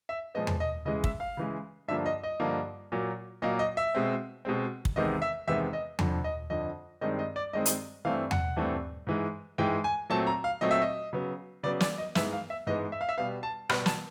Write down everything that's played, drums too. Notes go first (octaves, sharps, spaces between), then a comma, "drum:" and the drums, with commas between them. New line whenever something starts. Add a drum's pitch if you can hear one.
E5
A#2 F3 G#3 B3 D#5
drum: tom E2
D#5
C#3 E3 G#3 D#5
E5, drum: kick
F5
C#3 E3 G#3
G2 D3 F3 A#3 E5
D#5
D#5
G2 D3 F3 A#3
A#2 F#3 A#3
A#2 F#3 A#3 D#5
D#5
E5
B2 G#3 C4
B2 G#3 C4
drum: kick
E2 C3 D#3 G#3 B3 D#5
E5
E2 C3 D#3 G#3 B3 E5
D#5
F2 D3 F3, drum: tom E2
D#5
F2 D3 F3 D#5
G2 D#3 G#3 C4 D#5
D#5
D5
G2 D#3 G#3 C4 D#5
drum: hi-hat
G2 E3 A3 C4 F5
F#5, drum: tom E2
G2 E3 A3 C4
G#2 E3 G#3
G#2 E3 G#3 G5
G#5
A#2 F#3 A3 C4 A5
A#5
F5
A#2 F#3 A3 C4 D#5
E5
D#5
C#3 F#3 B3
C#3 F#3 B3 D5
D5, drum: snare
D#5
G#2 E3 G#3 B3 E5, drum: snare
F5
E5
G#2 E3 G#3 B3 D#5
E5
F5
E5
B2 G3 B3 F5
A5
B2 G3 B3 B5, drum: rim click
A5, drum: snare